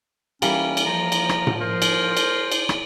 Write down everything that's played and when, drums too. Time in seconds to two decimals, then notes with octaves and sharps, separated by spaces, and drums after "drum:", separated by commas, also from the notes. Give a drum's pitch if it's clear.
0.42 E3 G3 A#3 C#4, drum: cymbal
0.77 drum: cymbal
0.86 F3 A#5
1.12 drum: cymbal
1.29 drum: rim click
1.47 drum: tom A2
1.61 A#4 C5
1.82 drum: cymbal
2.17 drum: cymbal
2.52 drum: cymbal
2.69 drum: rim click